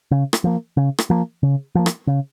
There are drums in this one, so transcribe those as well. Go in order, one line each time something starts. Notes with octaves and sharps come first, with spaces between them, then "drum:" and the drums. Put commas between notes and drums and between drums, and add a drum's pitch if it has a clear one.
C#3
drum: rim click
F3 A#3
C#3
drum: rim click
F3 A#3
C#3
F3 A#3
drum: rim click
C#3